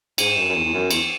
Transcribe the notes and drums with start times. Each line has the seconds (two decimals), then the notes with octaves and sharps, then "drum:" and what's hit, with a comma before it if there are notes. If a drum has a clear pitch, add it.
0.18 G#2 D#7, drum: cymbal
0.31 E7
0.37 F#2
0.49 F#2
0.55 E2 D#7
0.65 E2
0.73 F#2
0.91 E2 E7, drum: cymbal